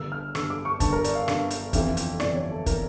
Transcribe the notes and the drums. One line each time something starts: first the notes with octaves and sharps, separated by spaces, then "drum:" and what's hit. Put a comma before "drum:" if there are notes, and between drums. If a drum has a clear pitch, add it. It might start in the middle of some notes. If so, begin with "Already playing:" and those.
Already playing: G1 G2 D3 E6
F6
G1 G2 D3 E6, drum: rim click
D6
C#6
G1 G2 D3 A5, drum: kick, hi-hat
A#4
D5, drum: hi-hat
F5
G1 G2 D3 F5, drum: rim click
drum: hi-hat
G1 F2 E3 E5, drum: kick, hi-hat
drum: hi-hat
G1 F2 E3 D5, drum: rim click
C#5
A4
E3 A#4, drum: kick, hi-hat